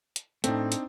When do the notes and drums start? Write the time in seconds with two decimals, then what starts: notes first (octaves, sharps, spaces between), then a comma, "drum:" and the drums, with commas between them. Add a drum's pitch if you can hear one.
0.16 drum: hi-hat
0.44 A2 A3 C4 D4 D#4, drum: hi-hat
0.72 drum: hi-hat